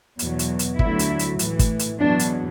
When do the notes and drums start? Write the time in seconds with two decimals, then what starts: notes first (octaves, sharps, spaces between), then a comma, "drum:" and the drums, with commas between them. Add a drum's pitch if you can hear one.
0.19 E2 B2 F#3, drum: hi-hat
0.39 drum: hi-hat
0.59 drum: hi-hat
0.79 D2 D3 F#3 E4, drum: kick
0.99 drum: hi-hat
1.19 drum: hi-hat
1.39 A2 E3, drum: hi-hat
1.59 drum: kick, hi-hat
1.79 drum: hi-hat
1.99 E2 B2 F#3 D4
2.19 drum: hi-hat